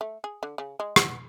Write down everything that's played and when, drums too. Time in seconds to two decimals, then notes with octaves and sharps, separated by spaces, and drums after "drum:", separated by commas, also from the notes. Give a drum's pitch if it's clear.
0.01 A3
0.24 G#4
0.43 D3
0.58 C#3
0.80 G#3
0.96 B3, drum: rim click